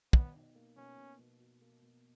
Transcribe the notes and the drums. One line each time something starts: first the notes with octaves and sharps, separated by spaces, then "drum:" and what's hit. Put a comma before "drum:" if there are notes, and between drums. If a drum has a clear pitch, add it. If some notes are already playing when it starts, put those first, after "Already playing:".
B2 B3, drum: kick
D#4
A#3
B2 C#4
B2
B2
F#4
A#3
B2